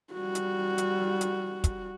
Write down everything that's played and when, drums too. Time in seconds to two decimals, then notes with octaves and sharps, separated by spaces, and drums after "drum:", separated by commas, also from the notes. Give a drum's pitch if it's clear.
0.14 G3 F#4
0.35 drum: hi-hat
0.78 drum: hi-hat
1.21 drum: hi-hat
1.64 drum: kick, hi-hat